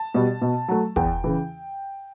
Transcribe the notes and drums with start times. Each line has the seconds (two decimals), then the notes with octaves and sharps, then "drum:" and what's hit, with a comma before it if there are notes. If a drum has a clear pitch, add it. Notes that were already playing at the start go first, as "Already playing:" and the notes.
Already playing: A5
0.14 B2 G3
0.42 B2
0.68 F#3 A3
0.96 E2 G5, drum: kick
1.24 C#3 E3